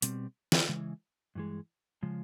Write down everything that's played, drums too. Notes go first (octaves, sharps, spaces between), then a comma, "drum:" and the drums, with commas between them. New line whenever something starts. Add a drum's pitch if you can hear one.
B2 G3 C4, drum: hi-hat
drum: snare
C#3 E3 G#3
G2 E3 G#3
C#3 F3 G#3